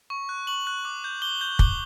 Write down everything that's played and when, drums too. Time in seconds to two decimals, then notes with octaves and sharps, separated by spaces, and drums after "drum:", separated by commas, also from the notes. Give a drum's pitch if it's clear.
0.10 C#6
0.29 F#6
0.47 C#6 F#7
0.67 F#6
0.85 D6
1.04 G6
1.22 D6 G7
1.41 G6
1.59 D6 G7, drum: kick